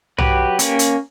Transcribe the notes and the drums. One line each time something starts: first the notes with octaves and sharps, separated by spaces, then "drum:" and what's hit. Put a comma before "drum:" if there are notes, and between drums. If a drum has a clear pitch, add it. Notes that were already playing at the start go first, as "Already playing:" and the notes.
F#3 G4 B4, drum: tom B1
A#3 C#4, drum: hi-hat
drum: hi-hat